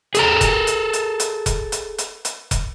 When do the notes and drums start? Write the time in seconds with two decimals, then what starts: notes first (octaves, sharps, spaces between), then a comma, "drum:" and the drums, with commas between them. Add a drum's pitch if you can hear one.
0.15 G#4 A4 A#5, drum: hi-hat
0.41 drum: kick E1, hi-hat
0.67 drum: hi-hat
0.93 drum: hi-hat
1.20 drum: hi-hat
1.46 drum: kick E1, hi-hat
1.72 drum: hi-hat
1.99 drum: hi-hat
2.25 drum: hi-hat
2.51 drum: kick E1, hi-hat